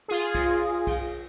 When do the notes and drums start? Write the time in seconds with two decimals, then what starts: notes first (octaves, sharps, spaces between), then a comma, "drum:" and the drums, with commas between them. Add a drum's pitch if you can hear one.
0.08 F4 G#4
0.35 drum: kick B1, cymbal
0.87 drum: kick B1, cymbal